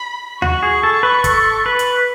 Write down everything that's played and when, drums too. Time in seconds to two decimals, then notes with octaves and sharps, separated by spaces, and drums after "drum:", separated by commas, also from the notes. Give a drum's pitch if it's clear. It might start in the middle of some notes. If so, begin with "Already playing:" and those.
Already playing: B5
0.42 F#4 C#6, drum: tom D2
0.63 G#4
0.83 A4
1.03 B4
1.24 A4, drum: kick, hi-hat
1.66 B4
1.79 drum: hi-hat